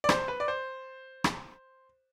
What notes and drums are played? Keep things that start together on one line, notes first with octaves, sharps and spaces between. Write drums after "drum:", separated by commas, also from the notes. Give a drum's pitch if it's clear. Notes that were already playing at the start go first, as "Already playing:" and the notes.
D5
C5, drum: rim click
B4
D5
C5
drum: rim click